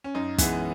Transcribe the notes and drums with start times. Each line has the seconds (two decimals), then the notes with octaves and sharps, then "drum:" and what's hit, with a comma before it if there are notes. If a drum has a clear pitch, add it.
0.04 C#4
0.15 F#2 D#4
0.38 E3 G#3 B3, drum: kick, hi-hat